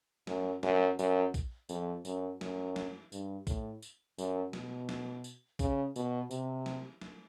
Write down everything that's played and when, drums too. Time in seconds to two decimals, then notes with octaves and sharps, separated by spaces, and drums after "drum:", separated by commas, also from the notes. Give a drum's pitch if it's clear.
0.27 F#2, drum: snare
0.63 F#2, drum: snare
0.99 F#2, drum: tambourine
1.34 drum: kick A#1, tambourine
1.69 F2, drum: tambourine
2.05 F#2, drum: tambourine
2.41 F#2, drum: snare
2.76 drum: snare
3.12 G2, drum: tambourine
3.47 A2, drum: kick A#1, tambourine
3.82 drum: tambourine
4.18 F#2, drum: tambourine
4.53 B2, drum: snare
4.89 drum: snare
5.24 drum: tambourine
5.59 C#3, drum: kick A#1, tambourine
5.96 B2, drum: tambourine
6.31 C3, drum: tambourine
6.66 drum: snare
7.01 drum: snare